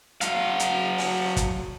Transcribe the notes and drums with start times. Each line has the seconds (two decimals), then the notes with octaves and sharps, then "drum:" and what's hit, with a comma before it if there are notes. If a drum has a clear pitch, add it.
0.21 F#3 F5, drum: hi-hat
0.60 drum: hi-hat
0.98 drum: open hi-hat
1.37 drum: kick, hi-hat